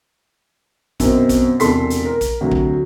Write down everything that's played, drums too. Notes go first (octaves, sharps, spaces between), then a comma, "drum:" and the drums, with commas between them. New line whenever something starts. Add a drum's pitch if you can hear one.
F#2 B2 C4, drum: kick, hi-hat
drum: kick, hi-hat
E1 C3 A4 C6 B6, drum: hi-hat
drum: hi-hat
A#4
drum: kick, hi-hat
D2 C3 F#3
drum: kick